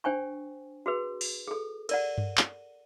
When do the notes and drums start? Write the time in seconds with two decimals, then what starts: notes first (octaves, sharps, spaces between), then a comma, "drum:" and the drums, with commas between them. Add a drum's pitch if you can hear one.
0.04 D4 C5 G5 G#5 C#6
0.86 F#4 G#4 B4
1.21 drum: open hi-hat
1.47 G#4 A4
1.89 A#4 D5 F#5, drum: cymbal
2.18 drum: tom G2
2.37 drum: clap